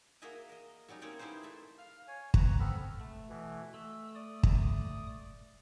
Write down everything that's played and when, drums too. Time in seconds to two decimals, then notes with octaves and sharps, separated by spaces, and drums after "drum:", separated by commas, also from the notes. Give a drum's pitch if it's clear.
0.22 A#3 F#4 G#4 D#5 E5 G#5
0.49 A#4 D#5
0.88 F#3 G3 C#4 D#4
1.01 A#3 C4 C#4 C#5 G5 G#5
1.19 D#4 E4 G4 G#4 B4 C5
1.43 A3 A4 E5
1.79 F5 F6
2.08 C#5 G#5
2.34 B4 A#5 C#6, drum: kick
2.60 B3 C4 A4 B5 F6
3.01 A3
3.29 B2 E3
3.74 A3 E6
4.15 D5 D#6
4.43 drum: kick